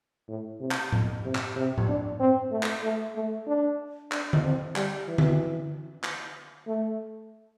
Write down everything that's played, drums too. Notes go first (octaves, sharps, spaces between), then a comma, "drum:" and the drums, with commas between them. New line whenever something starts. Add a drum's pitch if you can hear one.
A2
C3
drum: clap
drum: tom A2
C3
drum: clap
C3
drum: tom A2
D4
C4
A3
drum: clap
A3
A3
D4
D4, drum: clap
drum: tom D3
C4
G3, drum: clap
E3
drum: tom D3
drum: clap
A3